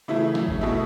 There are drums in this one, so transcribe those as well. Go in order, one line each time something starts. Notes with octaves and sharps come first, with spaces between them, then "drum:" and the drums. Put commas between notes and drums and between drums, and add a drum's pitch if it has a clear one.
C#3 E3 A3 E4 E5
drum: snare
drum: kick G#1
B2 A3 E4 E5